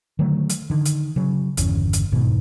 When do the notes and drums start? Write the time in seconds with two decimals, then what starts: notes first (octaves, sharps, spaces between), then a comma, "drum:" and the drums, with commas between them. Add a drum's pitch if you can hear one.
0.19 D3 D#3 F#3 A3
0.50 drum: hi-hat
0.70 D3 D#3
0.86 drum: hi-hat
1.16 C#3 F#3
1.57 G1 E2 C#3, drum: hi-hat
1.93 drum: hi-hat
2.12 E1 G#2 B2 D#3